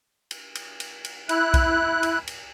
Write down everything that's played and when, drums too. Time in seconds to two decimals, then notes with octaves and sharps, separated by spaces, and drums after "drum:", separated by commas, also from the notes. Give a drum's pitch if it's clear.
0.31 drum: cymbal
0.55 drum: cymbal
0.80 drum: cymbal
1.05 drum: cymbal
1.29 E4 F#6, drum: cymbal
1.54 drum: kick B1, cymbal
2.03 drum: cymbal
2.27 drum: cymbal